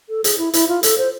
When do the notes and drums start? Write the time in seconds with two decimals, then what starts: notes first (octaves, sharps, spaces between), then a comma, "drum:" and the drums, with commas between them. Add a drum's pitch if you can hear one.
0.09 A4
0.24 G#4, drum: hi-hat
0.38 E4
0.53 E4, drum: hi-hat
0.68 F4
0.83 A4, drum: hi-hat
0.98 C5